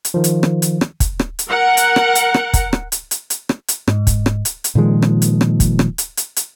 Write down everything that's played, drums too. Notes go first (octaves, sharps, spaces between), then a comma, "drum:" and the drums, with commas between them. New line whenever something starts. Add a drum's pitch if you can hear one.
drum: hi-hat
D#3 F3
drum: hi-hat
drum: rim click
drum: hi-hat
drum: rim click
drum: kick, hi-hat
drum: rim click
drum: hi-hat
A#4 F#5
drum: hi-hat
drum: rim click
drum: hi-hat
drum: rim click
drum: kick, hi-hat
drum: rim click
drum: hi-hat
drum: hi-hat
drum: hi-hat
drum: rim click
drum: hi-hat
G#2, drum: rim click
drum: kick, hi-hat
drum: rim click
drum: hi-hat
drum: hi-hat
A#2 D#3 F3 G#3
drum: rim click
drum: hi-hat
drum: rim click
drum: kick, hi-hat
drum: rim click
drum: hi-hat
drum: hi-hat
drum: hi-hat